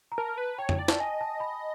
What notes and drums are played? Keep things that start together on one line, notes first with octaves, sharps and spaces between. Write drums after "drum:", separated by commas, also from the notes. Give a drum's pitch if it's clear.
A#5
A#4 A5
B4
C#5 G5
drum: tom F2
D5
A5, drum: snare
D#5 G#5
A5
B5